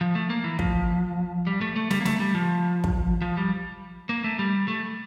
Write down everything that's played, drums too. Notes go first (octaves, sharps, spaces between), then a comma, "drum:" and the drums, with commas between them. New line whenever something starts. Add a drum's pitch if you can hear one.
F3
A3
A#3
E3
F3, drum: kick
G3
A3
A3
G3, drum: snare
A#3
A3, drum: snare
G3
F3
drum: kick
F3
G3
A#3
A3
G3
A3